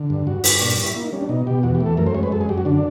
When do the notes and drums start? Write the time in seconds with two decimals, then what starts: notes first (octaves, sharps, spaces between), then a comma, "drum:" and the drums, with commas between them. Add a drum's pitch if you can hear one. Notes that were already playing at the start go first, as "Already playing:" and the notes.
Already playing: D3
0.10 G2
0.27 G2 F#4
0.44 G2, drum: open hi-hat
0.61 A#2 D4
0.78 G3
0.84 E4
0.96 A#3 E4
1.04 D#4
1.12 G3 C#4
1.21 D4
1.29 B2 D#4
1.47 B2 G4
1.63 E2 F#4
1.75 G4
1.80 A3
1.86 A4
1.97 F#2 A#4
2.07 C5
2.14 G#3 C#5
2.23 B4
2.32 F#2 A4
2.41 G#4
2.49 F#2 G4
2.58 F#4
2.65 D3 D4